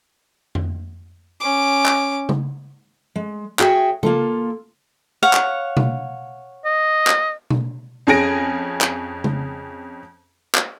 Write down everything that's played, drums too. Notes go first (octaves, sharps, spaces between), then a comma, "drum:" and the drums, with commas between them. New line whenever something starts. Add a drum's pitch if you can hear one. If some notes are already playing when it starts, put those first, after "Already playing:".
drum: tom F2
C#4 D6
drum: clap
drum: tom C#3
G#3
F#4 G#4 C#5 E5 G5, drum: clap
A#3 F4 A4, drum: tom C#3
C#5 F5 F#5
drum: clap
drum: tom B2
D#5
drum: clap
drum: tom B2
F2 C#4 G#4 G#5 A#6 D7
drum: clap
drum: tom C#3
drum: clap